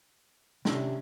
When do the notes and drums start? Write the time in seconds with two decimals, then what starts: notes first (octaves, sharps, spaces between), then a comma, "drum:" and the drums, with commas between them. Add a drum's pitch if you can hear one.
0.65 C3 C#4 D4 E6, drum: snare